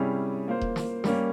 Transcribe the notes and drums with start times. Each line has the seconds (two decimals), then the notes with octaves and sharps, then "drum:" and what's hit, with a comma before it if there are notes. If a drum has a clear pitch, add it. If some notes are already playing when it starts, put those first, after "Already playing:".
Already playing: C3 G3 C#4 E4 G#4
0.48 A#3 F4 C5
0.61 drum: kick D#1
0.76 drum: snare
1.04 G3 A#3 C#4, drum: snare